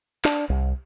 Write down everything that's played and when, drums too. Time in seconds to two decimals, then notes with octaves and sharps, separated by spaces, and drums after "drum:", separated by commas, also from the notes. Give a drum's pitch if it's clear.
0.25 D4, drum: clap
0.50 C2